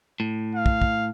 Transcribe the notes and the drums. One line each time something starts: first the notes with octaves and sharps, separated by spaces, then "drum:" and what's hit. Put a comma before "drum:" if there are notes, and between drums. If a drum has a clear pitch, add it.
A2
F5
drum: kick
drum: kick